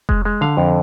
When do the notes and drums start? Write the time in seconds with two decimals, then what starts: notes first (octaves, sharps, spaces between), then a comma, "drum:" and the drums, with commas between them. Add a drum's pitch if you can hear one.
0.09 G#3, drum: kick F1
0.25 G#3
0.41 D3 F5
0.57 F2